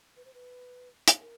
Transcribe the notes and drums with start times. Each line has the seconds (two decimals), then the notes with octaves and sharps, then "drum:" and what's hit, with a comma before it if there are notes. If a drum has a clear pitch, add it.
0.16 B4
0.25 C5
0.34 B4
1.08 drum: hi-hat
1.20 A#4